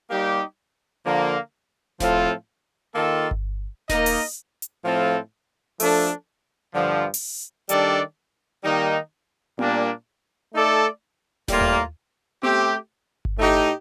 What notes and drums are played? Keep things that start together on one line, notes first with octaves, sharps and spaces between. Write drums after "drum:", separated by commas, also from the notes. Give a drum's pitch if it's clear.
G3 A#3 D#4 G4
D3 F3 A#3
A2 F3 C4 F4 A4, drum: snare D#1
D#3 A#3 F4 A4
drum: kick G1
A#3 D#4 A#4 D#5, drum: snare D#1
drum: open hi-hat
drum: hi-hat
A2 F3 C4 F4 A4
F3 A3 D4 A4, drum: open hi-hat
G2 D3 F3
drum: open hi-hat
D#3 G3 D4 A4 D5, drum: hi-hat
D#3 G3 A#3 D#4
A#2 G3 A#3 D4, drum: tom B3
A3 D#4 A4 D5
A2 G3 A#3 F4, drum: snare D#1
drum: tom D#2
A3 C4 G4, drum: tom B3
drum: kick G1
A2 A3 D#4 G4